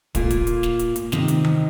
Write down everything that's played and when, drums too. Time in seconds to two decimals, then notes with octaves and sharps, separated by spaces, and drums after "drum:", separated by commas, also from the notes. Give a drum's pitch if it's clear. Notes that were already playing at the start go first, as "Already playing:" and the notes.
0.15 A#2 A#3 F4, drum: kick, hi-hat
0.31 drum: kick, hi-hat
0.47 drum: hi-hat
0.63 drum: snare
0.79 drum: hi-hat
0.96 drum: hi-hat
1.12 C3 D#3 C4 D#4, drum: snare
1.28 drum: hi-hat
1.45 drum: tom D#3